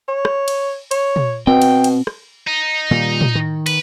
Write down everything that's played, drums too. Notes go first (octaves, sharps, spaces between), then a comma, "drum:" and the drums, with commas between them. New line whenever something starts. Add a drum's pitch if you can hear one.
C#5
drum: rim click
drum: cymbal
C#5, drum: cymbal
drum: tom
B2 C4 G5
drum: cymbal
drum: cymbal
drum: rim click
D#4
A#2 D#3 G3
drum: tom
D#3
B4, drum: cymbal